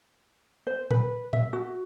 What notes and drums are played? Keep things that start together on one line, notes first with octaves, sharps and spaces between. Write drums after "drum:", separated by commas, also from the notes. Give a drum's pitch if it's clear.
C5
B4, drum: tom
E5, drum: tom
F#4